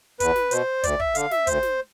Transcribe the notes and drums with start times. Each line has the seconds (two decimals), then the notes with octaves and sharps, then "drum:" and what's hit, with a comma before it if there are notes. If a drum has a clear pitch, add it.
0.20 E2 B4, drum: kick, hi-hat
0.36 drum: snare
0.51 B2 C5, drum: hi-hat
0.83 D2 D5, drum: kick, hi-hat
1.00 E5, drum: kick
1.15 D3 F5, drum: hi-hat
1.31 E5, drum: snare
1.47 D2 C5, drum: kick, hi-hat
1.63 drum: snare